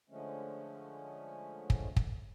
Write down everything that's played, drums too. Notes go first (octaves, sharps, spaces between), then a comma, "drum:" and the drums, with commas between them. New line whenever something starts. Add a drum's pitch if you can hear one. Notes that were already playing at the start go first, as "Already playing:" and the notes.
D3 F3 G#3 A3 C#4
drum: kick
drum: kick